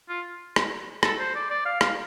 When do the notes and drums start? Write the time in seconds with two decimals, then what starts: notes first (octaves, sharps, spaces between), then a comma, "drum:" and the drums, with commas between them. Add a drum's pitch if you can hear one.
0.09 F4
0.56 drum: rim click
1.03 A4, drum: rim click
1.19 C5
1.35 D5
1.50 D5
1.65 F5
1.81 F5, drum: rim click